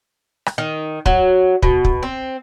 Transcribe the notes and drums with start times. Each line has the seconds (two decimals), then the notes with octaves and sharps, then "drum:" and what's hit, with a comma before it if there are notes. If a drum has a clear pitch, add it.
0.46 drum: rim click
0.58 D#3
1.06 F#3, drum: kick
1.63 B2, drum: kick
1.85 drum: kick
2.03 C4